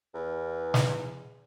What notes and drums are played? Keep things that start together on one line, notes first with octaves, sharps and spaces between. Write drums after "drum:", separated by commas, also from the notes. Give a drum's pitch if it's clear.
E2
drum: snare